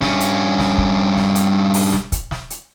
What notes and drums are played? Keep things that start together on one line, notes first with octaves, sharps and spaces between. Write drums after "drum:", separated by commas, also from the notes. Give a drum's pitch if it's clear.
G2 C#4, drum: snare
drum: hi-hat
drum: snare
drum: kick
drum: snare
drum: hi-hat
drum: open hi-hat
drum: snare
drum: kick, hi-hat
drum: snare
drum: hi-hat